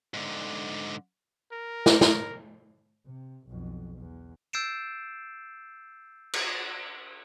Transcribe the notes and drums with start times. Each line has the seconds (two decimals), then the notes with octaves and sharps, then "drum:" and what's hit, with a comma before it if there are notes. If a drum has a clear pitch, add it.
0.14 G#2 D3
1.52 A#4
1.86 drum: snare
2.01 drum: snare
3.07 C3
3.48 B1 F2
3.99 E2
4.53 E6 G6 A6 C7 D7 E7
6.33 drum: cymbal